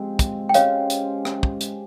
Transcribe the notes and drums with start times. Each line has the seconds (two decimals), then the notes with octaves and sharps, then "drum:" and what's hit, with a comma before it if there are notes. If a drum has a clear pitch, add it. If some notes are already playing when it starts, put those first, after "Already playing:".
Already playing: F3 G#3 C4 G4
0.19 drum: kick, hi-hat
0.49 G5
0.54 G#3 C#4 G4 C5 C#5 F5, drum: hi-hat
0.90 drum: hi-hat
1.25 drum: rim click
1.43 drum: kick
1.61 drum: hi-hat